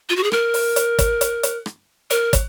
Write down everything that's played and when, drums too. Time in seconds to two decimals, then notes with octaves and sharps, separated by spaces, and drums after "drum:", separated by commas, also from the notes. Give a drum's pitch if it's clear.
0.09 F4
0.16 F#4
0.23 G#4
0.32 A#4, drum: rim click
0.54 drum: open hi-hat
0.76 drum: hi-hat
0.99 drum: kick, hi-hat
1.21 drum: hi-hat
1.43 drum: hi-hat
1.66 drum: rim click
2.10 A#4, drum: hi-hat
2.33 drum: kick, hi-hat